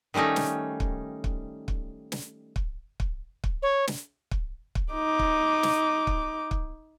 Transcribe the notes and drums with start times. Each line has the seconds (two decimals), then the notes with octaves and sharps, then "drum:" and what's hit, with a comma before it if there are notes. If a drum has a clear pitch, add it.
0.14 D#3 G3 A3 C#4 D#4
0.36 drum: snare
0.80 drum: kick
1.24 drum: kick
1.68 drum: kick
2.12 drum: snare
2.56 drum: kick
3.00 drum: kick
3.44 drum: kick
3.63 C#5
3.87 drum: snare
4.31 drum: kick
4.75 drum: kick
4.93 D#4 D6
5.19 drum: kick
5.63 drum: snare
6.07 drum: kick
6.51 drum: kick